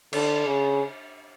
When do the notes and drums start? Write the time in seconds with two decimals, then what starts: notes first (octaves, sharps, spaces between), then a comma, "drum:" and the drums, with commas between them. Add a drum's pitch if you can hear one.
0.13 D3, drum: cymbal
0.47 C#3